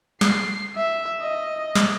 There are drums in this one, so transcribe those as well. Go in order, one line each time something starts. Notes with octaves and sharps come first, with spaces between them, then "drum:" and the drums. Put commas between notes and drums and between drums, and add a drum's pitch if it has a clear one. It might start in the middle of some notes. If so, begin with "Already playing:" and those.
C7, drum: snare
E5
D#5
drum: snare